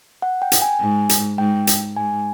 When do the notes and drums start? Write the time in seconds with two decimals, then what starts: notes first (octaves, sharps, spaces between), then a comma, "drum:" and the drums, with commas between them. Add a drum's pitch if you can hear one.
0.22 F#5
0.42 G5
0.52 drum: hi-hat
0.62 G#5
0.80 G#2
1.09 drum: hi-hat
1.38 G#2 G5
1.67 drum: hi-hat
1.96 G#2 G#5